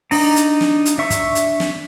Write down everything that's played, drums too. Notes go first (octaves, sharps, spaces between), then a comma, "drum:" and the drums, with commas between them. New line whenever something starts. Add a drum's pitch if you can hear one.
D4 D#4 A#5, drum: open hi-hat
drum: hi-hat
drum: snare
drum: hi-hat
D4 E5 C#6
drum: kick, hi-hat
drum: hi-hat
drum: snare